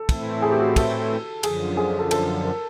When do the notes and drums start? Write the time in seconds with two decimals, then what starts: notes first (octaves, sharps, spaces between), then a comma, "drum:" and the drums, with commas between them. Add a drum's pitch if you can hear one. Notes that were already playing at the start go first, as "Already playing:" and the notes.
Already playing: A4
0.09 A2 E3 A3 C4 E4, drum: kick, cymbal
0.42 G#4
0.51 G4
0.59 F#4
0.76 A4, drum: kick, cymbal
1.43 F#2 D3 F3 G#4, drum: cymbal
1.77 G#4
1.88 G#4
1.99 A4
2.11 A4, drum: cymbal
2.44 A#4